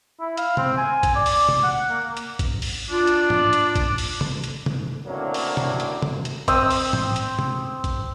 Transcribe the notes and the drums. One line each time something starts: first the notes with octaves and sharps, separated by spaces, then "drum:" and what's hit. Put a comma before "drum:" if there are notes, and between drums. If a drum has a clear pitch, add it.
E4
F5, drum: hi-hat
C4, drum: tom C3
G#5
drum: kick, hi-hat
D5
drum: open hi-hat
drum: tom C3
F#5
A#3
drum: hi-hat
drum: kick, hi-hat
drum: open hi-hat
D4 F4
drum: hi-hat
drum: tom
drum: hi-hat
drum: kick, hi-hat
drum: open hi-hat
drum: tom C3
drum: hi-hat
drum: tom C3
F#2 A2 F#3 A#3 C4 D4
drum: open hi-hat
drum: tom C3
drum: hi-hat
drum: tom C3
drum: hi-hat
C4 D#6 E6, drum: kick, hi-hat
drum: open hi-hat
drum: tom
drum: hi-hat
drum: tom C3
drum: kick, hi-hat